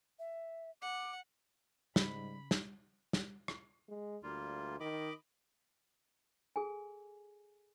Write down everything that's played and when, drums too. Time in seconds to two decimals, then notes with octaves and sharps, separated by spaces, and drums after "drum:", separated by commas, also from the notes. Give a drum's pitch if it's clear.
0.19 E5
0.82 F#5 D6
1.96 G#2 C#3 G3 B5, drum: snare
2.51 drum: snare
3.13 drum: snare
3.48 drum: rim click
3.89 G#3
4.23 D2 G3 A#3 F4
4.80 D#3 D#5 B5 D6
6.56 G#4 A4 G#5